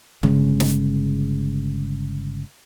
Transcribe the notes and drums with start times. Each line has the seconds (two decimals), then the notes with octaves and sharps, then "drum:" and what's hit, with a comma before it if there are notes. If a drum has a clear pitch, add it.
0.23 G1 C#3 G#3, drum: tom C#3
0.60 drum: snare